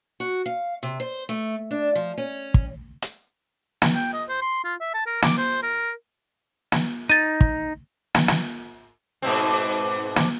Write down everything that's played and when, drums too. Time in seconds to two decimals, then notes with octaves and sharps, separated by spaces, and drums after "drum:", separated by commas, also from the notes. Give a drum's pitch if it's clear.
0.20 F#4
0.46 F5
0.83 C3
1.00 C5
1.29 A3
1.71 D4
1.95 F3
2.18 C#4
2.54 drum: kick
3.02 drum: hi-hat
3.82 drum: snare
3.95 G5
4.13 D#5
4.29 C5
4.42 C6
4.64 F4
4.81 E5
4.94 A5
5.07 A#4
5.22 D6, drum: snare
5.38 C5
5.63 A#4
6.72 drum: snare
7.10 D#4 A6 D#7
7.41 drum: kick
8.15 drum: snare
8.28 drum: snare
9.22 G#2 B2 C4
10.16 drum: snare